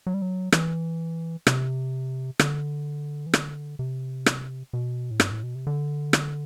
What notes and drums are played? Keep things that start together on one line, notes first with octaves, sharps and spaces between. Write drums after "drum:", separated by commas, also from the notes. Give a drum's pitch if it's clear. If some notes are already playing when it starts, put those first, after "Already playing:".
F#3
G3
F#3
E3, drum: rim click
C3, drum: rim click
D3, drum: rim click
E3
D3, drum: rim click
C3
drum: rim click
B2
A2
G2, drum: rim click
A2
B2
C3
D3
drum: rim click